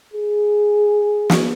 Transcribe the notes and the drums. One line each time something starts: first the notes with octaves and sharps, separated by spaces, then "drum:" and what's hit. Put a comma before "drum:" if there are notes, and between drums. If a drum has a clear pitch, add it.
G#4
drum: snare